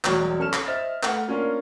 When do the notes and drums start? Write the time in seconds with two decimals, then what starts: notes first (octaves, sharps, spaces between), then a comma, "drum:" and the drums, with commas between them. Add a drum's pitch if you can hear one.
0.05 E1 F#3 G3 C#5 D5, drum: clap
0.39 C#4 A4 F6 E7
0.53 drum: clap
0.66 C5 D#5 E5 F6 A6
1.03 A3 B4 F#5, drum: clap
1.28 A#3 C#4 D4 F4 A#4